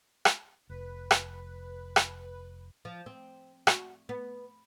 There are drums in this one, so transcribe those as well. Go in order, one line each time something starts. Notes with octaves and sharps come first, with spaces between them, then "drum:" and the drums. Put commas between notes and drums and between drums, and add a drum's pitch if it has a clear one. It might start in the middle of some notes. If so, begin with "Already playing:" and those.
drum: rim click
F1 B4
drum: rim click
drum: rim click
F3
C4
F#4, drum: rim click
B3